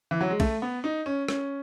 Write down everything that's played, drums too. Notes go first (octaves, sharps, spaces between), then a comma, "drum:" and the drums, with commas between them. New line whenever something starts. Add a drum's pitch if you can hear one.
E3
F#3
G#3
A3, drum: kick B1, cymbal
B3
D#4
C#4
C#4, drum: rim click